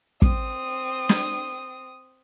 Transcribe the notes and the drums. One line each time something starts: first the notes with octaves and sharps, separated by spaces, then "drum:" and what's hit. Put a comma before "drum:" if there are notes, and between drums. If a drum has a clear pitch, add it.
C4 D#6, drum: kick
drum: snare